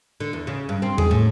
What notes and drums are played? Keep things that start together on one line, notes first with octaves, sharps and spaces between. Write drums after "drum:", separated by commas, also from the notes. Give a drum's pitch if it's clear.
D3
E2
C#3
G2
C4
G#4, drum: tom E2
A2